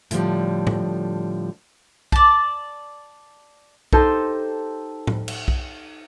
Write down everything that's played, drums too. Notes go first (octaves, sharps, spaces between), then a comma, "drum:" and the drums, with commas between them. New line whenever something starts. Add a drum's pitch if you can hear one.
A2 D3 E3 F3 G3, drum: hi-hat
drum: tom A2
D5 A5, drum: kick B1
D#4 G4 A4 C5 A5, drum: kick B1
drum: tom A2
drum: cymbal
drum: kick B1